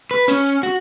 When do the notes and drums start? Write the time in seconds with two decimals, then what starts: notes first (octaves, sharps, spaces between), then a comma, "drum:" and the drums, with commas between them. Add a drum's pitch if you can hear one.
0.11 B4
0.28 C#4, drum: hi-hat
0.63 F#4